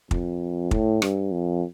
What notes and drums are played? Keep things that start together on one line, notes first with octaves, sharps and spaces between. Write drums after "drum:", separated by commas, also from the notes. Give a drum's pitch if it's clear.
F2, drum: kick
A2, drum: kick
G2, drum: rim click
F2